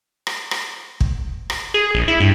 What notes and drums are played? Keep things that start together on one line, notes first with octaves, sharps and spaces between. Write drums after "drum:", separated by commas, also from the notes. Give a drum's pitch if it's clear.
drum: rim click
drum: rim click
drum: kick
drum: rim click
G#4
A#1
E4
G2